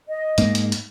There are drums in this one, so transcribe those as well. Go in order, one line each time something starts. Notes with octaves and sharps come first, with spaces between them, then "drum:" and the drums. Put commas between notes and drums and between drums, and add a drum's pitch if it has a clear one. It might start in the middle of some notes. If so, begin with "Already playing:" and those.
D#5
G#2 A#3, drum: hi-hat
drum: hi-hat
drum: hi-hat